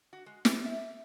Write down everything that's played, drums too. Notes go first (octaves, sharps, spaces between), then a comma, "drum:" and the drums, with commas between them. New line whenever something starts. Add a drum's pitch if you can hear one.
F#4
G#3
G4, drum: snare
E5